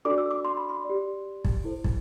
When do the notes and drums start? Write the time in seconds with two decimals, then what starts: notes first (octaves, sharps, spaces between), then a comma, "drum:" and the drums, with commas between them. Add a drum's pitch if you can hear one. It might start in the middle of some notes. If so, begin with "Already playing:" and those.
0.05 D4 F#4 A4 D5 D6
0.18 E6
0.31 D6
0.45 C6
0.57 B5
0.69 C6
0.84 D5
0.89 G4
1.45 drum: kick
1.64 E4 A4 C5
1.84 drum: kick